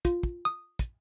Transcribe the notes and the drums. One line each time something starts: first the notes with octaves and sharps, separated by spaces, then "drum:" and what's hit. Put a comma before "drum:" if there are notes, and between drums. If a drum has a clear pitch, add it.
F4, drum: kick, hi-hat
drum: kick
D#6
drum: kick, hi-hat